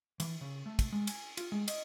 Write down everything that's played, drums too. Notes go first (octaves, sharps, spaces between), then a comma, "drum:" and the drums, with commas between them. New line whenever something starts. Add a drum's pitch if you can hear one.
E3, drum: cymbal
C#3
A3
drum: kick, cymbal
G#3
G#5, drum: cymbal
F4, drum: cymbal
G#3
D#5, drum: cymbal